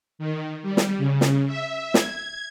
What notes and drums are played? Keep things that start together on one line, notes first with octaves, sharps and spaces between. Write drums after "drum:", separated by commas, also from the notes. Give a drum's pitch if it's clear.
D#3
G3
drum: snare
C#3
drum: snare
E5
G#6, drum: snare